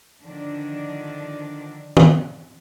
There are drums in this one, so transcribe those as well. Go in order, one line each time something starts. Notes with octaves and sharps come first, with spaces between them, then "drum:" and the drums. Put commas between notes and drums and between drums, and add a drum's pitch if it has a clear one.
D3 D#3 F3 D4
drum: tom